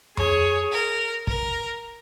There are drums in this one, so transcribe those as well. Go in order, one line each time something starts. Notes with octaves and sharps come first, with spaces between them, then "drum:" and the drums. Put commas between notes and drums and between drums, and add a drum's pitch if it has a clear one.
G#4 C#5, drum: tom F2
A#4
A#4, drum: kick